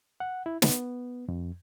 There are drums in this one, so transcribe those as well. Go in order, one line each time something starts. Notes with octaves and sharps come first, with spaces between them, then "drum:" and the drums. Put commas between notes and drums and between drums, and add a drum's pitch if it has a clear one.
F#5
E4
B3, drum: snare
F2